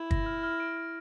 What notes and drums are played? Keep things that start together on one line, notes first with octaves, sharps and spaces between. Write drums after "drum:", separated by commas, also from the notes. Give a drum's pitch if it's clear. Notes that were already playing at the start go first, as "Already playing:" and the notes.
Already playing: E4
A#6, drum: kick
F6
F6
D7
F6